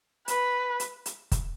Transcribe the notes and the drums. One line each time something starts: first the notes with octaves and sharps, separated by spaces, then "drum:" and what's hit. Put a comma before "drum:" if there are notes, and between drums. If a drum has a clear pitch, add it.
B4, drum: hi-hat
drum: hi-hat
drum: hi-hat
drum: kick, hi-hat